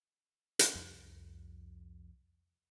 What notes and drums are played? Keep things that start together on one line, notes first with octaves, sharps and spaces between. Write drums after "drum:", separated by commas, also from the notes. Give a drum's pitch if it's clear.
drum: hi-hat
C2 F2